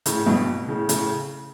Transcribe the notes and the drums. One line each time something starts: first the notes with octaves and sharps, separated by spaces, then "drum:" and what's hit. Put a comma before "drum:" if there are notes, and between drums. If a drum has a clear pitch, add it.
A2 C#3, drum: hi-hat
G2 B2
A2 C#3
A2 C#3, drum: hi-hat